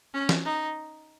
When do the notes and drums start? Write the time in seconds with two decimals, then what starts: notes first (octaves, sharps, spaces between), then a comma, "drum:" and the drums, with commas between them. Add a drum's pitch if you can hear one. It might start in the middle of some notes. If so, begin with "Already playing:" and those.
0.14 C#4
0.29 drum: snare
0.45 D#4